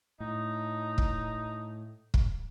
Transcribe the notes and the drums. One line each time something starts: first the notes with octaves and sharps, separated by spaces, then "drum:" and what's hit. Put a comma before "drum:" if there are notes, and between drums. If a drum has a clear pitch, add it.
A2 D#4
drum: kick
drum: kick